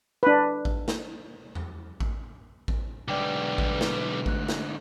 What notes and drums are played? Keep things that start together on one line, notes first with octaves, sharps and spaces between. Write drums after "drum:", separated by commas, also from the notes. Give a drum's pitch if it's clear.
D4 B4
drum: kick A1
drum: snare
drum: tom E2
drum: kick A1
drum: kick A1
B1 G#2 D3 G3 B4 D5 G5 D6
drum: kick A1
drum: snare
A3 F#6, drum: kick A1
drum: snare